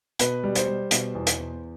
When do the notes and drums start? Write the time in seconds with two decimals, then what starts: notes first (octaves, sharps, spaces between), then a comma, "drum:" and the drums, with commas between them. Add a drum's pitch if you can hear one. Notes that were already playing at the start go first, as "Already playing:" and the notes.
0.19 B2 B4, drum: hi-hat
0.44 G3
0.55 C5, drum: hi-hat
0.67 G3
0.91 B2, drum: hi-hat
1.15 E2
1.27 drum: hi-hat
1.38 E2